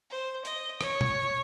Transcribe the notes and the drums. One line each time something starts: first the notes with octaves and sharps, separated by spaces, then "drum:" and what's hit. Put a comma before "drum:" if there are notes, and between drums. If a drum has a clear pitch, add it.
C5
D#5, drum: hi-hat
C#5, drum: rim click
drum: tom